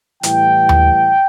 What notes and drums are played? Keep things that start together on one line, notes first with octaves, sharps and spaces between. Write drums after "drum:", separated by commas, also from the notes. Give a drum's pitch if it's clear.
A2 E3 G3 G5, drum: hi-hat
drum: tom D#2